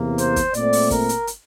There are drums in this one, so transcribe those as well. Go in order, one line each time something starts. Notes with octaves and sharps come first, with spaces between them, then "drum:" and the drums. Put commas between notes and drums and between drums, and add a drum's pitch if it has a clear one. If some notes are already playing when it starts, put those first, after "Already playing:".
Already playing: E2 C3 E3 A#3
C5, drum: hi-hat
drum: kick, hi-hat
A#2 A3 C4 D5, drum: hi-hat
drum: open hi-hat
A#4, drum: kick, hi-hat
drum: hi-hat
drum: hi-hat